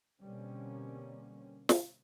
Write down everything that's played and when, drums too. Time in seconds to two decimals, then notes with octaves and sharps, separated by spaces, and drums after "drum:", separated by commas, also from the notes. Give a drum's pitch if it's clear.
0.22 B2 D3 G3 A#3 C4 C#4
1.69 drum: snare